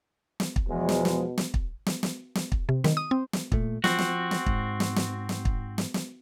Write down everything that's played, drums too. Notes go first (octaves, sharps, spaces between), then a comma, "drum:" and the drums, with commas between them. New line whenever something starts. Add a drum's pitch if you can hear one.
drum: snare
drum: kick
E2 B2 F3 G#3
drum: snare
drum: snare
drum: snare
drum: kick
drum: snare
drum: snare
drum: snare
drum: kick
C3
D#3, drum: snare
D#6
C4
drum: snare
A#2 A3, drum: kick
F3 C4 F#4, drum: snare
drum: snare
drum: snare
G#2, drum: kick
drum: snare
drum: snare
drum: snare
drum: kick
drum: snare
drum: snare